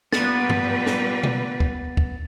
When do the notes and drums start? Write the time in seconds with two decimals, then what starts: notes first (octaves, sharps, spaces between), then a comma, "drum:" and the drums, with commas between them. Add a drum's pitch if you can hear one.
0.13 A#2 G3 B3 B4 A6, drum: snare
0.49 drum: tom G2
0.86 drum: snare
1.23 drum: tom
1.60 drum: kick D2
1.97 drum: kick D2